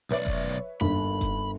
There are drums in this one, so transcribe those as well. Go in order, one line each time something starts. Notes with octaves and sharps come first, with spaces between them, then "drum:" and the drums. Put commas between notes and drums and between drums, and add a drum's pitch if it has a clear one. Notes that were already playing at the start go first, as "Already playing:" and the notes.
B1 B4 C#5 D5 E5
drum: kick F1
G1 D#2 D4 B5
drum: kick F1, hi-hat